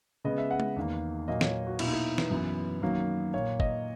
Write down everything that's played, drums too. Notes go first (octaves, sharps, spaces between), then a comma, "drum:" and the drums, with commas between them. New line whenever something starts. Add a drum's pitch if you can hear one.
C#3 G#3 B3 D#5
E5
F#5
drum: tom G#3
E2 D#3 A#3
A#2 F#3 A#3 D#5
C#5, drum: snare
F#4
B2 A#3 E4, drum: cymbal
D#4
E4
B4, drum: snare
F#2 E3 B3
F#2 D#3 F#3 A#3
A#2 A#3 C#5
D#5, drum: kick